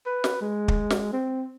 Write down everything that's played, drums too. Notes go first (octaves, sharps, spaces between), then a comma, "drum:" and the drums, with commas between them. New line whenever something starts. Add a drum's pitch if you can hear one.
B4
drum: snare
G#3
drum: kick
drum: snare
C4